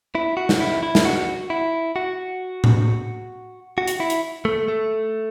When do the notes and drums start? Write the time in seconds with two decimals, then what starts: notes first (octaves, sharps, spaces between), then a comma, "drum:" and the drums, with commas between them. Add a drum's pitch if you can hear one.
0.15 E4
0.37 F#4
0.49 drum: snare
0.60 E4
0.83 E4
0.95 drum: snare
1.05 F#4
1.50 E4
1.96 F#4
2.64 drum: tom A2
3.78 F#4
3.88 drum: hi-hat
4.00 E4
4.10 drum: hi-hat
4.45 A3
4.68 A3